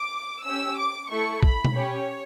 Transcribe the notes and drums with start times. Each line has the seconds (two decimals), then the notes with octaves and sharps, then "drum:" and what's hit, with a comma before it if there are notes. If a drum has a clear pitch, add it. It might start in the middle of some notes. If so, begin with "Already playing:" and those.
Already playing: D6
0.44 C#4 G4 E6
0.77 D6
1.10 A3 E4 A4 C#6
1.43 B5, drum: kick
1.65 drum: tom B2
1.74 C#4 G4 C#5